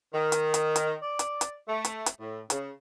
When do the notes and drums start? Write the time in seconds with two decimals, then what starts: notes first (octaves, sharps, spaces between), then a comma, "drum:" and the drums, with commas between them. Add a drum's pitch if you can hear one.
0.14 D#3
0.32 drum: hi-hat
0.54 drum: hi-hat
0.76 drum: hi-hat
1.02 D5
1.19 drum: hi-hat
1.41 drum: hi-hat
1.68 A3
1.85 drum: hi-hat
2.06 drum: hi-hat
2.21 A2
2.50 C#3, drum: hi-hat